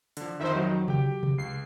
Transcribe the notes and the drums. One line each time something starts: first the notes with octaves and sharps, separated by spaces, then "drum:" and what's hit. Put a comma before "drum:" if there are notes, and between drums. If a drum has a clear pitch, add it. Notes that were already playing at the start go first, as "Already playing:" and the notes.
D3 F3, drum: hi-hat
F2 D#3 D#4 C5 E5
F#3
G4 G5, drum: tom C3
drum: tom C3
C#2 C7